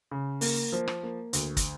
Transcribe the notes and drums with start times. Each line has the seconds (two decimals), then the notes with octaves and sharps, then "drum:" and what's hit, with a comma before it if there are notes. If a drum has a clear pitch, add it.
0.11 C#3
0.41 A#3, drum: open hi-hat
0.72 F3
0.88 drum: rim click
1.03 A#3
1.33 D2, drum: hi-hat
1.57 drum: kick, hi-hat